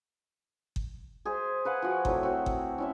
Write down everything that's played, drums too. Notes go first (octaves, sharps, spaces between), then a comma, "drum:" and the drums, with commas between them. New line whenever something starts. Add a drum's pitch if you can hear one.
drum: kick G1
G#4 C5 E5
B4 F5 F#5 G#5
F3 F#4
C3 F#3 A3 E4, drum: kick G1
C4 F#4
drum: kick G1
C#4 E4 E5